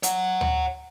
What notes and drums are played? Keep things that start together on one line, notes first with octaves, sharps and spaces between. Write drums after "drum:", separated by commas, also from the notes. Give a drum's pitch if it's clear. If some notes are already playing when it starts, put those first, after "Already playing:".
C#5 F#5, drum: hi-hat
drum: tom D2